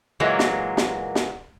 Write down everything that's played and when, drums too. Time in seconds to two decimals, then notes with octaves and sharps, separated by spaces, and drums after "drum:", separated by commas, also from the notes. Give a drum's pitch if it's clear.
0.20 A#2 E3 F#3 G#3 A#3
0.39 drum: snare
0.77 drum: snare
1.15 drum: snare